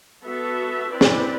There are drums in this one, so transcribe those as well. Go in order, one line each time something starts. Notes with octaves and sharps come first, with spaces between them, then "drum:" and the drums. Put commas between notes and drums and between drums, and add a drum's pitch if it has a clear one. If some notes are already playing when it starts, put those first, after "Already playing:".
B3 F#4 A4 E5
C4 E4 B4 D5
drum: snare